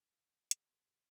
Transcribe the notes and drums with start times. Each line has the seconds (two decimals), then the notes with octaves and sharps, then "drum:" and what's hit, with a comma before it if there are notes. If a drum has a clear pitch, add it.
0.11 D3 E4 F5
0.29 F#5 G5
0.51 G#4 C#5 C6 E6 B6, drum: hi-hat
0.66 A#2 G4 C6
0.83 B2 F3 G#6 B6